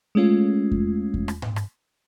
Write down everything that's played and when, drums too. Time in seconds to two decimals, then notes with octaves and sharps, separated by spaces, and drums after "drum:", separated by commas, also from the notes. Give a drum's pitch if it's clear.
0.15 G#3 A3 C#4 F4
0.72 drum: kick E2
1.14 drum: kick E2
1.28 drum: rim click
1.42 drum: tom G#2
1.56 drum: rim click